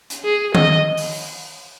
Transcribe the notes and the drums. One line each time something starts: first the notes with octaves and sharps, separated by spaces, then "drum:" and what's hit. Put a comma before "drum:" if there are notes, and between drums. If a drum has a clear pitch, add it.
drum: hi-hat
G#4
D#5, drum: tom D#3
drum: open hi-hat